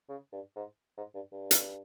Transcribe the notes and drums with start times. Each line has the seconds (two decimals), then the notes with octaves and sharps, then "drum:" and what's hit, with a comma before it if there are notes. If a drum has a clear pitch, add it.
0.09 C#3
0.32 G2
0.56 G#2
0.98 G#2
1.15 G2
1.32 G2
1.51 drum: hi-hat